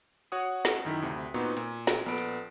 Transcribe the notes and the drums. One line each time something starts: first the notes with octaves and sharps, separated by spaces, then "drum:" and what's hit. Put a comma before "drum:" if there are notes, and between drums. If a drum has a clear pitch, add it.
F#4 C#5 F#5 D#6
drum: snare
F#2 D#3 E4 B6
D2 C3
A#2 B3 C4 D#4 F#4
A#2, drum: hi-hat
drum: snare
A#1 B3 A4 B5 D7
drum: hi-hat